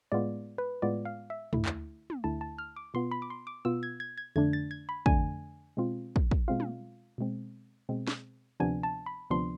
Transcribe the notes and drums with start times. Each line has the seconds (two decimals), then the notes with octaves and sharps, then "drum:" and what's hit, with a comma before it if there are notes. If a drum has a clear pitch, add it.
0.12 A2 G#3 B3 F4 D5
0.58 B4
0.82 A2 G#3 B3 F4 D5
1.05 F5
1.30 E5
1.53 D2 D3 A3 E4, drum: tom
1.66 drum: clap
2.10 drum: tom
2.24 D2 D3 A3 E4 A5
2.41 A5
2.58 F6
2.76 D6
2.94 B2 B3 F4 C6
3.11 B5
3.22 D6
3.30 C6
3.47 D6
3.65 B2 B3 F4 E6
3.83 G#6
4.00 G#6
4.18 G#6
4.36 F2 D3 A3 D4 G#6
4.53 A6
4.71 G#6
4.89 B5
5.06 F2 D3 A3 D4 G#5, drum: kick
5.77 B2 G#3 C4 F4
6.16 drum: kick
6.31 drum: kick
6.48 B2 G#3 C4 F4 F5
6.60 drum: tom
7.18 B2 G#3 C4
7.89 B2 G#3 C4
8.07 drum: snare
8.60 D2 C3 F3 B3 D4 G#5
8.83 A5
9.06 B5
9.30 D2 C3 F3 B3 D4 C6